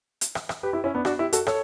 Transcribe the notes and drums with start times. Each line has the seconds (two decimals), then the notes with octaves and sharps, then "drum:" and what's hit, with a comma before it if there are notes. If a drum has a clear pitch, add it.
0.21 drum: hi-hat
0.35 drum: rim click
0.49 drum: rim click
0.63 G4 B4
0.73 E4 G4
0.84 C#4 E4
0.94 B3 D4
1.05 D4 F#4, drum: rim click
1.19 E4 G4
1.33 F#4 A4, drum: hi-hat
1.47 A4 C#5, drum: rim click